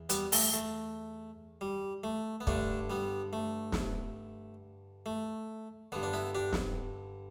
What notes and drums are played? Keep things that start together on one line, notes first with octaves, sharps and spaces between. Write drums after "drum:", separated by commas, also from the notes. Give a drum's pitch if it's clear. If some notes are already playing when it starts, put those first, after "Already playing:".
Already playing: E2
G3 B3, drum: hi-hat
A3, drum: open hi-hat
A3
G3
A3
B3
G2 D3 A3 D4, drum: kick
G3 B3
A3
drum: snare
A3
G2 D3 B3
D4
B3 E4
D4 G4
drum: snare